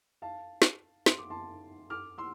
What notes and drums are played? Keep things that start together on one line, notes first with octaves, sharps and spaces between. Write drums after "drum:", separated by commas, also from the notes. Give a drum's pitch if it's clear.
F5 A5
drum: snare
C6, drum: snare
D6
A5 C6
D6 F6
C6 E6